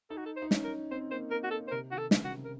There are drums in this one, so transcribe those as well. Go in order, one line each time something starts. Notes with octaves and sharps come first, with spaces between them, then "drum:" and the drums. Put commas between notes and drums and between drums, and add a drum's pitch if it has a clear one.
D#4 A4
F#4
A4
C5
D#4
C#4, drum: snare
A#4
C4 C5
A#3 C5
A#3 A#4
F#4
A#3 A4
C5
C3 A#4
D#3 F#4
A4
C#3, drum: snare
F#4
C3
A#4